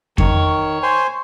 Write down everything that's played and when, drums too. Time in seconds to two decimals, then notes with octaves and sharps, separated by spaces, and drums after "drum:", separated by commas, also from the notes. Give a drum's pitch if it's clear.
0.18 D#3 C#5, drum: kick F2
0.83 C5 G#5 C6